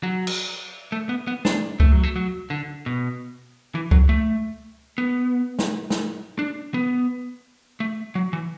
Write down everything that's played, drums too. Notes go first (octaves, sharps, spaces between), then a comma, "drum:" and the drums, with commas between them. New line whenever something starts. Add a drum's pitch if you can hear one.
F#3
drum: cymbal
A3
B3
B3
D4, drum: snare
A3, drum: kick C#2
F#3
A3
F#3
D3
B2
E3
F#3, drum: kick C#2
A3
B3
drum: snare
drum: snare
D4
B3
A3
F#3
E3